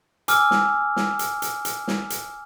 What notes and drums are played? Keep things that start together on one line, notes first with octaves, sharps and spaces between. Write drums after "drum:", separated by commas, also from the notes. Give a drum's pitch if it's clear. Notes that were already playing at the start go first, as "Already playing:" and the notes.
G#5 D6 E6 F6, drum: hi-hat
drum: snare
drum: snare
drum: hi-hat
drum: hi-hat
drum: hi-hat
drum: snare
drum: hi-hat